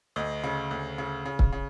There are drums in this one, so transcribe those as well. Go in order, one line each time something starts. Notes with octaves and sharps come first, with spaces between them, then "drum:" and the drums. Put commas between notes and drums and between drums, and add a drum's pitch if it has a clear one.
D2 D#5
C#3
D2
C#3
C#3
drum: kick
C#3